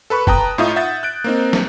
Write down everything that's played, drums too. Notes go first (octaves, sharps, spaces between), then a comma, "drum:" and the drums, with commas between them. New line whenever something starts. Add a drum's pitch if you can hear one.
A4 B4 B5 C#6
B4 G5 A5 A#5 D#6, drum: kick F1
A2 D#4 F4 E5 D#6 G6
E5 F#5 G6 A6
F#6 G6 D7
A#3 C4 D#4
drum: snare